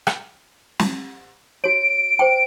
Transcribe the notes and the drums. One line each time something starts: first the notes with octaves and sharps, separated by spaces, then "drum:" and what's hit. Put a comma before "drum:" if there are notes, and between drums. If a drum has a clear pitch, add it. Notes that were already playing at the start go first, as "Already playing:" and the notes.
drum: rim click
drum: snare
F#4 C#5 D7
C5 G5